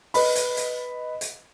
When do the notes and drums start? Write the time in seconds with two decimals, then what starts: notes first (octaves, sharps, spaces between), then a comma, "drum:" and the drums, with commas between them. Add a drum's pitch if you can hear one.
0.14 B4 D#5 B5, drum: open hi-hat
0.36 drum: hi-hat
0.57 drum: hi-hat
1.21 drum: hi-hat